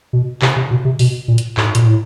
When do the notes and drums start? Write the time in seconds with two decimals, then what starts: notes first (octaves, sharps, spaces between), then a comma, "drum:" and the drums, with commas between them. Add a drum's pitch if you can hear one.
0.13 B2
0.42 C3, drum: clap
0.56 C3
0.71 B2
0.85 C3
0.99 B2, drum: open hi-hat
1.28 A#2
1.38 drum: hi-hat
1.57 G#2, drum: clap
1.75 A#2, drum: hi-hat
1.86 A2